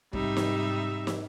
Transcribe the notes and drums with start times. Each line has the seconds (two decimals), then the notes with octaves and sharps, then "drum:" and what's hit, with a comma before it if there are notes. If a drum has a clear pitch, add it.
0.13 G#2 C3 G3 D#4 E5, drum: kick
0.37 drum: snare
1.07 drum: snare